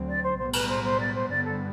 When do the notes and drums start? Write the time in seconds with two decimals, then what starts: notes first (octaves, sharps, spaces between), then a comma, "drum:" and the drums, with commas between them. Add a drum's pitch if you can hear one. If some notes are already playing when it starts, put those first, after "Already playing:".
Already playing: D2 D3 F#3 C4
0.08 D5
0.23 C5
0.38 B1 A2 G3 B3 C5
0.53 B4, drum: cymbal
0.68 C5
0.84 C5
0.99 D5
1.14 C5
1.29 G2 D3 G3 B3 D5
1.44 A4